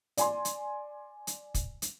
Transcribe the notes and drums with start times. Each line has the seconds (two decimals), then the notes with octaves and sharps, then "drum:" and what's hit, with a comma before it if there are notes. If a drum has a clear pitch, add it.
0.17 D5 G#5 C6, drum: hi-hat
0.45 drum: hi-hat
1.27 drum: hi-hat
1.55 drum: kick, hi-hat
1.82 drum: hi-hat